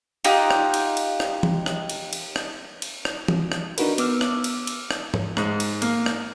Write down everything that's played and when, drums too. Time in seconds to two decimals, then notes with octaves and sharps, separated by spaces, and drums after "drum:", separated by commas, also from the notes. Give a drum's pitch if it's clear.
0.24 D#4 F4 G4 F#5, drum: cymbal
0.51 drum: rim click
0.74 drum: cymbal
0.97 drum: cymbal
1.20 drum: rim click
1.43 drum: tom E3
1.66 drum: rim click
1.89 drum: cymbal
2.13 drum: cymbal
2.36 drum: rim click
2.82 drum: cymbal
3.05 drum: rim click
3.28 drum: tom E3
3.52 drum: rim click
3.78 D4 D#4 F#4 A#4 B4, drum: cymbal
3.98 B3 D6 E6 F6, drum: cymbal
4.21 drum: rim click
4.44 drum: cymbal
4.67 drum: cymbal
4.91 drum: rim click
5.14 drum: tom G#2
5.37 G#2, drum: rim click
5.60 drum: cymbal
5.82 A#3, drum: cymbal
6.06 drum: rim click